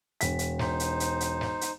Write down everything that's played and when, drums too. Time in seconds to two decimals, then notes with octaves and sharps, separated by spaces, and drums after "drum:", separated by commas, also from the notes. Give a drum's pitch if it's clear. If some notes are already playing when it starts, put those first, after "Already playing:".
0.21 E1 B6, drum: hi-hat
0.39 drum: hi-hat
0.59 D#4 C5, drum: snare
0.80 drum: hi-hat
1.00 drum: hi-hat
1.20 drum: hi-hat
1.41 drum: snare
1.61 drum: hi-hat